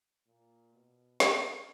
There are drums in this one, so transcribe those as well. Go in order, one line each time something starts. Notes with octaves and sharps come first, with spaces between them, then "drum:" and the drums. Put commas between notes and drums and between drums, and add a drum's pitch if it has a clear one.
A#2
B2
G2, drum: snare